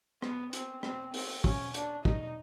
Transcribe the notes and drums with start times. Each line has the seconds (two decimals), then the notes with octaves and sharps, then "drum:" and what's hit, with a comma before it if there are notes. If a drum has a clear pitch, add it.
0.22 B3, drum: rim click
0.53 C4, drum: hi-hat
0.83 C4, drum: rim click
1.14 C4, drum: open hi-hat
1.44 C#4, drum: kick
1.74 D4, drum: hi-hat
2.05 D#4, drum: kick